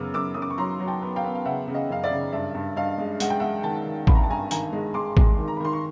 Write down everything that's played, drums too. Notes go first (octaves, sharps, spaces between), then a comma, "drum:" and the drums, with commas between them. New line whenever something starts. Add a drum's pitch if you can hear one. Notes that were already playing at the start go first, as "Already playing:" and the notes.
Already playing: F#2 C#3 B3 D6 E6 F6
F#2 D6 E6
F#2 D#6
D6
C#6
F#3 A#5 C6
F#3
G5 A5
B3
F5 G5
B3
F5
C#3 E5 F#5
C#3
D#5 F5
F#2 F5
D5 E5
C#3
G2 D5 E5
G2
G2 D#5 F5
G#3
G#3 F#5, drum: hi-hat
G5
G#3 E5 F#5
D#3 G5 A5
D#3
G#1 B5, drum: kick A1
A#5
A5
G2 G#5 A#5
D#3 G#5 A#5, drum: hi-hat
G#3
G#3 C6 D6
G#3, drum: kick A1
D#3
A#5
B5
D#3 C6
C#6